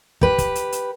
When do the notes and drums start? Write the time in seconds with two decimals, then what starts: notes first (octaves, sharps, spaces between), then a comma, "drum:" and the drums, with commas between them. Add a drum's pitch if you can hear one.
0.21 G4 B4, drum: kick
0.38 drum: kick, hi-hat
0.55 drum: hi-hat
0.72 drum: hi-hat